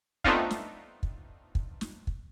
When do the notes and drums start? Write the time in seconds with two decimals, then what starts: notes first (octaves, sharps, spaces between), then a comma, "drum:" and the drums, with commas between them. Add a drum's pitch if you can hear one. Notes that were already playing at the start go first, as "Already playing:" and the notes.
0.24 A3 B3 C4 D4 D#4 F4, drum: kick
0.51 drum: snare
1.03 drum: kick
1.55 drum: kick
1.81 drum: snare
2.07 drum: kick